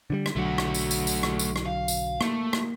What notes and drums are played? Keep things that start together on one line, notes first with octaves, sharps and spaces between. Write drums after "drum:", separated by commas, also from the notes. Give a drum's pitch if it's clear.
D3 D#3 G3
drum: rim click
B1 D3 F#3 A3 F#4
drum: rim click
drum: tambourine
drum: tambourine
drum: tambourine
drum: rim click
drum: tambourine
drum: rim click
F5
drum: tambourine
A3 A#3, drum: rim click
drum: rim click